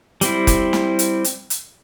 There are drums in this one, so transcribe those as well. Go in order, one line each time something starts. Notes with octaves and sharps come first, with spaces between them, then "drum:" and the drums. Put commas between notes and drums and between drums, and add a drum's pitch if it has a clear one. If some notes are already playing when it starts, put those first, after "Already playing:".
G3 C4 E4, drum: hi-hat
drum: kick F1, hi-hat
drum: snare
drum: hi-hat
drum: hi-hat
drum: hi-hat